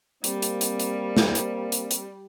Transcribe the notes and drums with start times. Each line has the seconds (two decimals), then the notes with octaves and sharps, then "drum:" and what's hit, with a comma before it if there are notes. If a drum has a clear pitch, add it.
0.24 G3 A#3 C4, drum: hi-hat
0.42 drum: hi-hat
0.61 drum: hi-hat
0.79 drum: hi-hat
1.17 drum: snare
1.35 drum: hi-hat
1.72 drum: hi-hat
1.91 drum: hi-hat